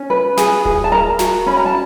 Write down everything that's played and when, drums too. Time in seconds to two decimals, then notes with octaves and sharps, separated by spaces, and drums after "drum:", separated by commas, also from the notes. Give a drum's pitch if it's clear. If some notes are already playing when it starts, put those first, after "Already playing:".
Already playing: C#4
0.10 B4
0.37 G#4, drum: snare
0.65 G#4, drum: kick D1
0.84 A5
0.92 A#4 A#5
1.19 F#4, drum: snare
1.46 C#4 B5
1.57 A#5
1.65 A5